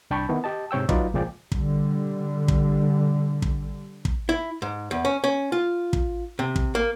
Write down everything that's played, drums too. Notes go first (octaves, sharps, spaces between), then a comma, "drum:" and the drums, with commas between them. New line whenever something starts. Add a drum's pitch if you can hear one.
C2 D4 G5 A5 B5 C#6
D#3 B3 E4
G4 D#5 A5
G#2 C3 C#5 G5 E6
F#3 D#4 F4 B4 D5, drum: kick
C#2 A#2 F3 G#4 D5 G5
D3 G3, drum: kick
drum: kick
drum: kick
drum: kick
E4
G#2
E2
C#4
C#4
F4
drum: kick
C3
drum: kick
A#3